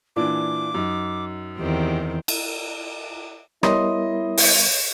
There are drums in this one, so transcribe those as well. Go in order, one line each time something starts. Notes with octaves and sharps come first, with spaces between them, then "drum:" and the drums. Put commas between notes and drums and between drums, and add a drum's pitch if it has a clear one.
A#2 E3 D4 D6
F#2 D#4
E2 D#3 C4 G4
drum: cymbal
G3 B3 E4 A#4 C#5 D#5 C6 D#6, drum: rim click
drum: open hi-hat